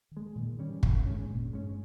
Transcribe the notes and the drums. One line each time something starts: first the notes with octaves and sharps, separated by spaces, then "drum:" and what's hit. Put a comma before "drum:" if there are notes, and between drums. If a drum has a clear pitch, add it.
D#3
G#3
A#2 D#3
D#3
D#3 G3 C#4
E3
B2 D#3, drum: kick G1
G#3 C#4
G2 A#2
E2
G2
G#3 C#4